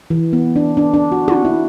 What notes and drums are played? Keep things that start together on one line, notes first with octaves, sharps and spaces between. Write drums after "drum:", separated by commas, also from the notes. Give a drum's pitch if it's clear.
E3
B3
D4
D4
D4
F#4
F#4, drum: tom
E4